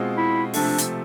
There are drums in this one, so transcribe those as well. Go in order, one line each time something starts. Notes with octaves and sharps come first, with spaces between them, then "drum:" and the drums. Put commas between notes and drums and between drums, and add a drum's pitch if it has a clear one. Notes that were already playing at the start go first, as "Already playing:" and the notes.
Already playing: B2 G#3 C4 F4
E4
C3 F3 A3 D4, drum: open hi-hat
drum: hi-hat